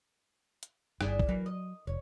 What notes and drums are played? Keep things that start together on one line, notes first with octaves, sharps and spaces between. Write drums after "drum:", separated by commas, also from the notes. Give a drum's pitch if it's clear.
drum: hi-hat
G1 G2 D4 E4 G#4, drum: rim click
drum: kick
E3 F#3 A#3
D#5
F1 C#5